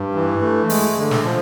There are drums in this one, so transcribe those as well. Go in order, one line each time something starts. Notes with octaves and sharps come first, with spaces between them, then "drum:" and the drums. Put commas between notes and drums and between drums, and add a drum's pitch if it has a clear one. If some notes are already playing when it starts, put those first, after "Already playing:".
Already playing: G2
E3
A3
G#3, drum: open hi-hat
D3
drum: snare
F3